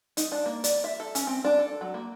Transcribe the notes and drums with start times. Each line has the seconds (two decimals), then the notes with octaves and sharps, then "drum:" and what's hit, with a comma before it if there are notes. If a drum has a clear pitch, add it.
0.17 D#4, drum: hi-hat
0.32 D4
0.46 A#3
0.64 D5, drum: hi-hat
0.84 E5
1.00 A4
1.15 C#4, drum: hi-hat
1.27 C4
1.45 D4
1.59 A4
1.81 F#3
1.94 A#3